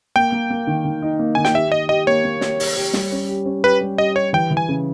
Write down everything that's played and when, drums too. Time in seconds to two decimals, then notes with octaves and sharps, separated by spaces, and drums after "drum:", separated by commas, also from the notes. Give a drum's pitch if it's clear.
0.16 A#3 G5
0.32 A#3
0.50 A#3
0.67 D#3
0.85 D#3
1.02 D#4
1.19 A#3
1.35 D#3 G#5
1.45 G5, drum: snare
1.54 G4 E5
1.72 G4 D#5
1.89 G4 D#5
2.07 A#3 C#5
2.24 A#3
2.41 G4, drum: snare
2.60 G4, drum: open hi-hat
2.77 G4
2.93 G3, drum: snare
3.12 C#4
3.29 G4
3.46 C#4
3.64 G4 B4
3.81 G3
3.98 G4 D#5
4.16 G4 C#5
4.33 E3 G5
4.51 E3
4.57 G#5
4.69 C#3